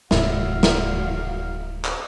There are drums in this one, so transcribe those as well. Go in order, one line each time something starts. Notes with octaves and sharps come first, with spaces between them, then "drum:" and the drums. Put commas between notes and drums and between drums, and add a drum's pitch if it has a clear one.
D1 G#2 C3 E4 F#4 F5, drum: snare
drum: snare
drum: clap